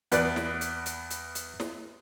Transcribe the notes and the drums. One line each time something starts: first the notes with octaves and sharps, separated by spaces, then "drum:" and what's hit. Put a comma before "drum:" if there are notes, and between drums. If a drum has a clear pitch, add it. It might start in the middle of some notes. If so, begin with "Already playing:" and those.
E2 B3 B4 D5, drum: hi-hat
drum: snare
drum: hi-hat
drum: hi-hat
drum: hi-hat
drum: hi-hat
drum: snare